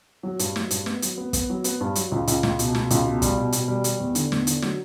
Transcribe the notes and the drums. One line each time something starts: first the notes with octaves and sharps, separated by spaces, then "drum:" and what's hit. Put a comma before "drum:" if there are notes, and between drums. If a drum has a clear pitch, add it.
F#3
G2, drum: hi-hat
F#3, drum: snare
G2, drum: hi-hat
B3, drum: snare
F#3, drum: hi-hat
B3
B3, drum: kick, hi-hat
F#3
B3, drum: hi-hat
G2
F#3, drum: hi-hat
C#2
C#2, drum: hi-hat
C#2, drum: snare
B2, drum: hi-hat
B2, drum: snare
C#2, drum: hi-hat
B2
G3, drum: kick, hi-hat
B2
B2, drum: hi-hat
G3
G3, drum: hi-hat
E2
D3, drum: hi-hat
E2, drum: snare
D3, drum: hi-hat
F#3, drum: snare